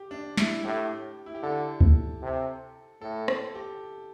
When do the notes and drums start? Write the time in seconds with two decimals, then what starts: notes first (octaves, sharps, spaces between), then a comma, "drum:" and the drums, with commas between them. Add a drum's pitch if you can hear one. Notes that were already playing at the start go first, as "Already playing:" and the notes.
Already playing: G4
0.11 D4
0.37 E4, drum: snare
0.64 A2 G4
1.26 E4
1.35 G4
1.42 D3 A4
1.81 drum: kick C#2
2.23 C3
3.01 A2 A4
3.28 A4, drum: rim click
3.55 G4